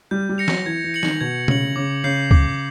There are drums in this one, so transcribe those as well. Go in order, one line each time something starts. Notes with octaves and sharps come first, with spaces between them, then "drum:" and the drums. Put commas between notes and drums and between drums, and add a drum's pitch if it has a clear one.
G3 G6
G3
A#6 C#7 F7
F#3, drum: snare
E3 G#6
E3
C#7 F#7
D#3, drum: snare
B2 G#6
C#3 C#7 F#7, drum: tom B2
C#3 D6
C#3 G6 C7
D6, drum: kick